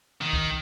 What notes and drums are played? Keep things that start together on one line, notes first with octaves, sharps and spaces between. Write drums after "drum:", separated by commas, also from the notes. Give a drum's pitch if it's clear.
D#3
drum: kick